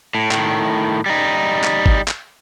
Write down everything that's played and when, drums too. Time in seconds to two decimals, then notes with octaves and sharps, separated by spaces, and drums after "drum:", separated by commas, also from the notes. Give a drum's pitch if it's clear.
0.15 A2
0.31 A2 D#3, drum: clap
1.06 G3 D#4
1.64 drum: clap
1.86 drum: kick
2.08 drum: clap